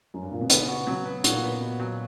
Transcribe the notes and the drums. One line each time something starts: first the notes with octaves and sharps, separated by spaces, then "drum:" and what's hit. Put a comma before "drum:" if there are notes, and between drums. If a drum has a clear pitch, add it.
F#2
G2
A#2
B2
C#3 B3, drum: hi-hat
F#4
B2 F#3
B3
A#2 F#4, drum: hi-hat
B3
B2
F#3